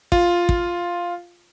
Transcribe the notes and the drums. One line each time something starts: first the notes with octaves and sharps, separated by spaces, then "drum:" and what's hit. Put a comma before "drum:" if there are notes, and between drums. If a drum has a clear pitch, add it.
F4, drum: kick
drum: kick